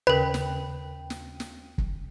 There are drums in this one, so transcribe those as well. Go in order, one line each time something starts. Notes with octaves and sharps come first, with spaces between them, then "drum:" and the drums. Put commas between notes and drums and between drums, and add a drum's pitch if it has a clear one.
D#2 C#3 A#4 B4 G5 B5
drum: snare
drum: snare
drum: snare
drum: kick